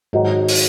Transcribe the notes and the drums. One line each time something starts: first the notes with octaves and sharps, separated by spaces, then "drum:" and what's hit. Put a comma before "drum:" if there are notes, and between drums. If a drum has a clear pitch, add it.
G#2 D#3 F#3 D#4 F#4
drum: open hi-hat